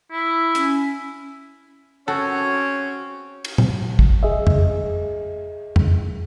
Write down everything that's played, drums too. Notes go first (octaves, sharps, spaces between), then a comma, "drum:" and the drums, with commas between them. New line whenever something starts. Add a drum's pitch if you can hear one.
E4
C#4, drum: hi-hat
C4 C#4 F#4 G#4 A4 C#5
drum: cymbal
drum: tom A#2
drum: kick
G#4 D#5 E5
drum: tom F2
drum: tom F2